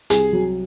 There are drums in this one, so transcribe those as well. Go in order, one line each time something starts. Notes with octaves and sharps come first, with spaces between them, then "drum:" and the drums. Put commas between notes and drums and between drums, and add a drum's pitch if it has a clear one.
C2 G#4, drum: hi-hat
F#3